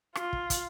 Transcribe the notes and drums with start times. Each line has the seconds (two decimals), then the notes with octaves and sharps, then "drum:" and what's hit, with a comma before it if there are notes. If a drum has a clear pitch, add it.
0.15 F4, drum: rim click
0.33 drum: kick
0.50 drum: kick, hi-hat